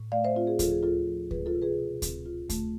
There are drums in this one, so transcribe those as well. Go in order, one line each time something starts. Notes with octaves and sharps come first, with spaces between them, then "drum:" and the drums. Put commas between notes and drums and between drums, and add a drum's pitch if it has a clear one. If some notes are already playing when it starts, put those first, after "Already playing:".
Already playing: A2
A3 D5 F5
C5 E5
C4 F4
G#4
F3 F4 A4, drum: kick D2, hi-hat
G#4
D2 F4 A4
F3
G#3 G#4 B4, drum: kick D2
F4 A4
C3
G#4 B4
B2
C4, drum: kick D2, hi-hat
F4
A3, drum: kick D2, hi-hat